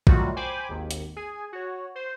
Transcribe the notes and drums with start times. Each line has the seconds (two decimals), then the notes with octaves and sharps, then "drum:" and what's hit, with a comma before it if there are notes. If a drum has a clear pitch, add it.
0.07 D#3 F#3 G3 A3 F4 F#4, drum: kick
0.36 C5 G5 G#5 B5 D6
0.69 G#1 D#2
0.91 drum: hi-hat
1.16 G#4 G#5
1.53 F#4 C#5
1.95 C5